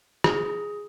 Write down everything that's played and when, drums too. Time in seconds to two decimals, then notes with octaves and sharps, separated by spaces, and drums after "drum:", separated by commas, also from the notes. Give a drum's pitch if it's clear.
0.24 G#4, drum: rim click